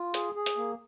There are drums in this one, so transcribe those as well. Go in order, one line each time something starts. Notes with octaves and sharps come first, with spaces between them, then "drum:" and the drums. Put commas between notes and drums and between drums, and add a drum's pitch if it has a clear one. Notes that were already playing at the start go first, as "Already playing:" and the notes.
Already playing: F4
G#4, drum: hi-hat
G#4
drum: hi-hat
A#3